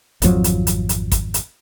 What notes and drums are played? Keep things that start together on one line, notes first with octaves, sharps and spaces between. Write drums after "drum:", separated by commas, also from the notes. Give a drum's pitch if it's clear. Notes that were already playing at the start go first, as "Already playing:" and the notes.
G#1 F2 F3 F#3, drum: hi-hat
drum: hi-hat
drum: hi-hat
drum: hi-hat
drum: kick, hi-hat
drum: hi-hat